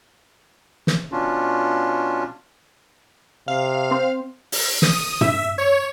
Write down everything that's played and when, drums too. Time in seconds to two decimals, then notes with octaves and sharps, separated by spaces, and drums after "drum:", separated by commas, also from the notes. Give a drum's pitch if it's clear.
0.87 drum: snare
1.12 B2 C#4 D4 F4
3.48 C3 F5
3.91 C4 C5
4.52 drum: open hi-hat
4.82 D#6, drum: snare
5.21 E5, drum: tom
5.58 C#5